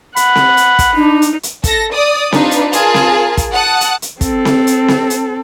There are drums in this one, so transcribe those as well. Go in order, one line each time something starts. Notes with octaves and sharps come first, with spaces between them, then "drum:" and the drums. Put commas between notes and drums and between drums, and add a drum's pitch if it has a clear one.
F#5 B5, drum: hi-hat
drum: snare C4
drum: hi-hat
drum: kick, hi-hat
D4 D#4
drum: hi-hat
drum: hi-hat
A4 A#6, drum: kick, hi-hat
D5 D#6
D4 D#4 F4 B4, drum: snare C4
drum: hi-hat
F4 G#4 A#4 G#5 A5, drum: hi-hat
drum: snare C4
drum: kick, hi-hat
F#5 A5 D#6 F#6
drum: hi-hat
drum: hi-hat
C4 A4, drum: kick, hi-hat
drum: snare C4
drum: hi-hat
drum: snare C4
drum: hi-hat